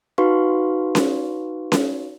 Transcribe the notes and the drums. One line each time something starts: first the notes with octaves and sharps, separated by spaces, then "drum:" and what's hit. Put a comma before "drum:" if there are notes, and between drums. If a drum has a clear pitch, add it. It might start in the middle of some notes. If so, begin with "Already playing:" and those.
D#4 F#4 B4 F5 C6 C#6
drum: snare C#4
drum: snare C#4